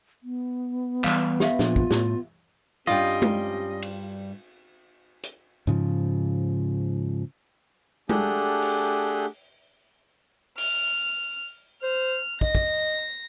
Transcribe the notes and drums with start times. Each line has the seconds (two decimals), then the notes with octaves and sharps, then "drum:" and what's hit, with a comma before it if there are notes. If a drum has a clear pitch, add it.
0.23 B3
1.04 E3 G3 F5, drum: clap
1.40 G4 E5 F5, drum: snare
1.59 A#2 F3 D4 F4, drum: snare
1.76 drum: kick
1.91 A2 A3, drum: snare
2.87 G2 G3 C4 C#4 F4 G4 D#5 G5
3.22 drum: tom G#3
3.82 drum: cymbal
5.23 drum: hi-hat
5.67 G#2 C#3 F3
8.09 A3 D4 G4 G#4 F#5 G6, drum: tom G#3
8.62 drum: open hi-hat
10.58 F6, drum: open hi-hat
11.83 C5 F6
12.41 D#5 A#6, drum: kick
12.55 drum: kick